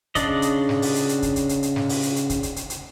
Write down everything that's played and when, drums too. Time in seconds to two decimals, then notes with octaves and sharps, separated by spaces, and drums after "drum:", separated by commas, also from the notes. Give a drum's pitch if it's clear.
0.15 C#3 D4 D5 D#5, drum: kick, hi-hat
0.42 drum: hi-hat
0.69 drum: snare
0.82 drum: open hi-hat
0.96 drum: hi-hat
1.09 drum: hi-hat
1.22 drum: kick, hi-hat
1.36 drum: hi-hat
1.49 drum: hi-hat
1.63 drum: hi-hat
1.76 drum: snare
1.89 drum: open hi-hat
2.03 drum: hi-hat
2.16 drum: hi-hat
2.30 drum: kick, hi-hat
2.43 drum: hi-hat
2.56 drum: hi-hat
2.70 drum: hi-hat